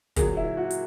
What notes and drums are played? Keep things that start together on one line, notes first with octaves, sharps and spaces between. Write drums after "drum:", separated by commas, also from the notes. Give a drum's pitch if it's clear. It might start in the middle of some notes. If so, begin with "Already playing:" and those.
A#2 F#3 G#4, drum: kick, hi-hat
E4
F#4
drum: hi-hat